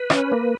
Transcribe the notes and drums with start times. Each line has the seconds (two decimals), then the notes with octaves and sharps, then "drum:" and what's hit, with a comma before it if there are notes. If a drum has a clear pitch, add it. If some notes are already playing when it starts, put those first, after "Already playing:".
Already playing: B4
0.10 C#4, drum: rim click
0.32 A#3